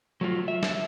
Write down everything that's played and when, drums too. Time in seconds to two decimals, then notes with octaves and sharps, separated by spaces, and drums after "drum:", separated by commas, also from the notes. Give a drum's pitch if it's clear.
0.21 F#3 A3 F4
0.48 E5
0.63 drum: snare